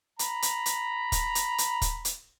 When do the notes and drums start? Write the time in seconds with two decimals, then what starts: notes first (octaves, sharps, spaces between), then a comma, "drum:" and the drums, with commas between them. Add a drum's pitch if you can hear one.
0.19 A#5 B5, drum: hi-hat
0.42 drum: hi-hat
0.66 drum: hi-hat
1.12 drum: kick, hi-hat
1.35 drum: hi-hat
1.58 drum: hi-hat
1.82 drum: kick, hi-hat
2.05 drum: hi-hat